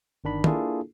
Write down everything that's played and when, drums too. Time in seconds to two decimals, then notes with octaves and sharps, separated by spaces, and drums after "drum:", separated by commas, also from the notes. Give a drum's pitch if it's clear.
0.24 G1 D#3 D4 B5
0.44 A#3 D4 E4 F4 G#4 A4, drum: tom